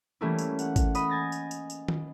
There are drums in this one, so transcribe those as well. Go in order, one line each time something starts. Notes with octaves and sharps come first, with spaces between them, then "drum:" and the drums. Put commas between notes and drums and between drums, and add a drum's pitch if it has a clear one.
E3 G3 A3 A#3 C#4 E4
drum: tambourine
F#5, drum: tambourine
drum: kick G#1, tambourine
D#5 B5 D#6, drum: tambourine
G#5 A6 A#6
drum: tambourine
drum: tambourine
drum: tambourine
drum: tom D#3